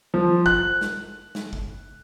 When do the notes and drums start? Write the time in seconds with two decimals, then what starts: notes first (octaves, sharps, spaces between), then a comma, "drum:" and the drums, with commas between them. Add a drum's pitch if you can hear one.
0.14 F3
0.46 F#6, drum: kick G1
0.81 drum: snare
1.35 drum: snare
1.53 drum: kick G1